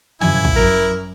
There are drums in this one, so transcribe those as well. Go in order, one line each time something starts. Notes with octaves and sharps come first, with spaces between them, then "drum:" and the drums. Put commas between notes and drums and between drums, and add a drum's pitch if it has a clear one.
F#2 F3 E4 G#5, drum: tom
drum: kick
F#2 A#4